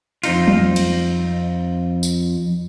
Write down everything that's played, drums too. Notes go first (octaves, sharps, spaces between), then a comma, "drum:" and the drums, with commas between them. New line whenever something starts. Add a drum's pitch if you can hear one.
F2 C4 D#4 F4, drum: cymbal
drum: tom F#3
drum: cymbal
drum: tambourine